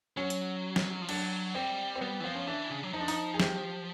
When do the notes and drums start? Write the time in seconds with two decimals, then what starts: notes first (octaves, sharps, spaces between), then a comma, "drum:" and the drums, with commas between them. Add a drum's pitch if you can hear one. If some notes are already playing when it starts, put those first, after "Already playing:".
0.17 F#3 C#4
0.30 drum: hi-hat
0.76 drum: snare
1.02 F3
1.09 F#3 D4, drum: cymbal
1.54 G3 C4
1.95 C4
2.01 G3 B3
2.20 E3
2.24 F3 C4
2.35 C#4
2.47 E3 D4
2.70 C#3
2.83 F#3
2.93 F3 D#4
3.00 D4
3.08 D#4, drum: open hi-hat
3.34 G#4
3.40 G4, drum: snare